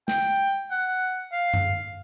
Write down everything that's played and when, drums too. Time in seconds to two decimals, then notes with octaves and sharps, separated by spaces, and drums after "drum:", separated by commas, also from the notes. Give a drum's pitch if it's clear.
0.08 G5, drum: snare
0.71 F#5
1.32 F5
1.54 drum: tom F#2